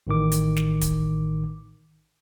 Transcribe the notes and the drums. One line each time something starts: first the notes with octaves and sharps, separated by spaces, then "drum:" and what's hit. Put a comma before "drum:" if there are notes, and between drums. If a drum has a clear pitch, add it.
A1 A2 D#3 D6
drum: hi-hat
drum: snare
drum: kick, hi-hat